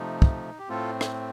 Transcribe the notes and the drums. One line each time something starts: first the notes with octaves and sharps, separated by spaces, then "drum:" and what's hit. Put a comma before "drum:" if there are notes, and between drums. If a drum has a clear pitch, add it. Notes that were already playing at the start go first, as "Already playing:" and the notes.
Already playing: C3 F3 A3 D#4
drum: kick
G4
A2 A3 C4 F4 A4
drum: rim click